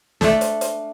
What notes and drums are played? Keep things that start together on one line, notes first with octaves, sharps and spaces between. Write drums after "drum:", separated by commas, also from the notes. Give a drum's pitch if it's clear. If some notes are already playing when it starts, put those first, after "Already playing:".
A3 D4 A4, drum: snare
drum: hi-hat
drum: hi-hat